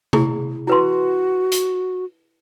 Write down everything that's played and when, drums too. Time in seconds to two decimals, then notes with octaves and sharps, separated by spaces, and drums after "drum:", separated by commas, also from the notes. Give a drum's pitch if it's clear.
0.13 E4 G#4, drum: tom C3
0.67 E4 F#4 B4 C6
1.52 drum: hi-hat